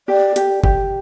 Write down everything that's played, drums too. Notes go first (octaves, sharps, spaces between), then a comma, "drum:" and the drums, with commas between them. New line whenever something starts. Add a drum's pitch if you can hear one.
G4 D5
G4, drum: hi-hat
G4, drum: kick